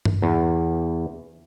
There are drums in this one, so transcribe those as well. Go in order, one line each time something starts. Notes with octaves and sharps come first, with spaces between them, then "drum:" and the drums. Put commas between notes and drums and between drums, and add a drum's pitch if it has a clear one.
drum: tom G2
E2